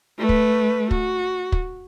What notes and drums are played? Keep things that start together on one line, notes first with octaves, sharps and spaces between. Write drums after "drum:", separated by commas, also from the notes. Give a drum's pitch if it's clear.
A3 B4
drum: kick
F#4, drum: kick
drum: kick